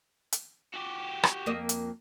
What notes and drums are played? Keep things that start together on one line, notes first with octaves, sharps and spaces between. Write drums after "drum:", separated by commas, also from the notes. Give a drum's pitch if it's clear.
drum: hi-hat
F#4 G4
drum: rim click
F2 A#3 D#5
drum: hi-hat